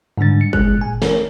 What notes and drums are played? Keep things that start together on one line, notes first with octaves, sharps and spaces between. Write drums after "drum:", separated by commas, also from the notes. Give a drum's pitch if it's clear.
G#2 D3 G3 D4 A6
C#7
G#3 G#4 F#6, drum: kick G1
A#2 G#5
E3 A#4 C#5, drum: snare